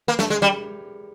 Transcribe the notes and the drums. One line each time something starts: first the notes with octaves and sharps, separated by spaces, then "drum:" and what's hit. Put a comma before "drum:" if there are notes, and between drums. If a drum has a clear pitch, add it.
A#3
A3, drum: snare
G#3
G3